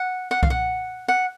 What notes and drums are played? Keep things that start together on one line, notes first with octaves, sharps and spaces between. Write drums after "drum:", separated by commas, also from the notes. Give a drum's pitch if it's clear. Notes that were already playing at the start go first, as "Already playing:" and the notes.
Already playing: F#5
F#5
F5, drum: kick C2
F#5
F#5